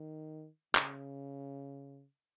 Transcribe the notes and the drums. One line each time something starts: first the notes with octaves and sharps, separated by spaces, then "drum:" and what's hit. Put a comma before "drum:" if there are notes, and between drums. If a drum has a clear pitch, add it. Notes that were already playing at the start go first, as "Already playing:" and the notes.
Already playing: D#3
C#3, drum: clap